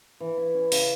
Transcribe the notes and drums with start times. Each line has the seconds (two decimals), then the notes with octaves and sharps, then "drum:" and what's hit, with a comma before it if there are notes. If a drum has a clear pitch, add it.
0.21 E3
0.38 E4
0.55 C#4
0.72 C#3, drum: open hi-hat